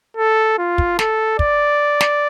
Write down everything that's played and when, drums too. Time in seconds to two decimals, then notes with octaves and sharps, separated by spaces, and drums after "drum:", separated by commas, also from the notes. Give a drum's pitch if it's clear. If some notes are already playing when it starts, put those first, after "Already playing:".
0.17 A4
0.58 F4
0.78 drum: kick
0.99 A4, drum: snare
1.39 D5, drum: kick
2.01 drum: snare